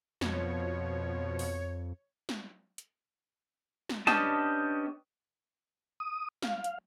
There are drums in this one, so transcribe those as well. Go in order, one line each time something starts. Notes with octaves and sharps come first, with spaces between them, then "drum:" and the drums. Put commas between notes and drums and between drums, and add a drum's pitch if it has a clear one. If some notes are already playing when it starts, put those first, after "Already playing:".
F2 B2 F3 C#5, drum: snare
drum: open hi-hat
drum: snare
drum: hi-hat
drum: snare
B3 C#4 D4 G4 D#5 A5, drum: snare
D#6
F5, drum: snare
drum: hi-hat